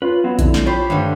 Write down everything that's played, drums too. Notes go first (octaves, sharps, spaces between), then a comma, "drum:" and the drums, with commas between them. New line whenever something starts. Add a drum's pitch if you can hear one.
C#4 F4 B4
F#3 B3 C4
D3 F3 E4, drum: kick A#1, hi-hat
drum: snare
F4 G4 C5 C#5 B5
G2 D3 D#3 A3